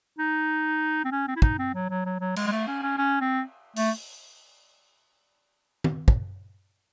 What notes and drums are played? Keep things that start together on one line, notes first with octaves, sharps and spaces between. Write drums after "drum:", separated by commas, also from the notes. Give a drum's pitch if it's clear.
D#4
C4
C#4
C4
E4
D#4, drum: kick
C4
F#3
F#3
F#3
F#3
G#3, drum: cymbal
G#3
A3
C#4
C#4
C#4
C4
A3, drum: open hi-hat
drum: tom
drum: kick